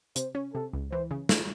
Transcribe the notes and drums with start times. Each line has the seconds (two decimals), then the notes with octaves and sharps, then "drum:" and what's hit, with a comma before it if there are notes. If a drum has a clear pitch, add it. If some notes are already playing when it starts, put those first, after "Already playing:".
0.16 C3 C5, drum: hi-hat
0.35 C#4
0.54 C3 A4
0.73 C#2
0.91 E3 C5
1.11 C#3
1.29 A3, drum: snare